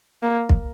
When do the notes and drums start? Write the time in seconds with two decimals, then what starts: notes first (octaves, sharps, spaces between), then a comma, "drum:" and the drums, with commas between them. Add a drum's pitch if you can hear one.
0.23 A#3
0.49 drum: kick